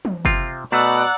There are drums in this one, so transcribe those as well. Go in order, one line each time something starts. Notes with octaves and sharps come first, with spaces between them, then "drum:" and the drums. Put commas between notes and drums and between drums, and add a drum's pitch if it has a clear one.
drum: tom
C3 C4 F4, drum: kick F#1
B2 A3 D5 F#5 A#5 E6 F#6